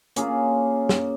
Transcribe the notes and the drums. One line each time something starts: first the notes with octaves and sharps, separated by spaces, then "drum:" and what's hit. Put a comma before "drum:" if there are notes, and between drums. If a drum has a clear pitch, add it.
A#3 C#4 F4 G#4, drum: hi-hat
drum: snare